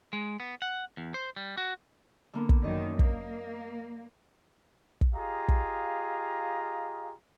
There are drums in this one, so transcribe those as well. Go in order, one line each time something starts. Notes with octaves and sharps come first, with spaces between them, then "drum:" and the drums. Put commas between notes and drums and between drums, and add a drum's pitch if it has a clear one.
G#3
B3
F#5
E2
C5
G3
F#4
D3 A#3 B3
drum: kick
F#2 D#3 D5 D#5
A#3, drum: kick
drum: kick
F4 G4 G#4 D#5 F5 A#5
drum: kick